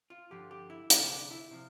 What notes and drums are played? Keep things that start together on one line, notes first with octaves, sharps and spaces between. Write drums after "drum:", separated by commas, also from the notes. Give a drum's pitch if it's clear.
F4
G2 D3 F3 G4
G4
E4
D2 C3 F3 D4, drum: hi-hat
D4
E4
C3 F3